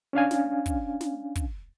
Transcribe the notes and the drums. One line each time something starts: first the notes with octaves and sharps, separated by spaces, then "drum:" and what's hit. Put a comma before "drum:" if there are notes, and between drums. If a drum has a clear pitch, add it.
C#4 D4 F5 G#5
drum: snare
drum: kick, hi-hat
drum: snare
drum: kick, hi-hat